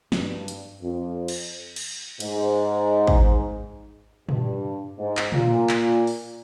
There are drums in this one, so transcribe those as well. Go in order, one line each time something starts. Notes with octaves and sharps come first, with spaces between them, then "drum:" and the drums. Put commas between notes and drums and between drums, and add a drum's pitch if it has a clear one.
G2, drum: snare
drum: hi-hat
F2
drum: cymbal
drum: cymbal
G#2, drum: cymbal
drum: kick
G2, drum: tom
G#2
drum: clap
A#2, drum: tom
drum: clap
drum: open hi-hat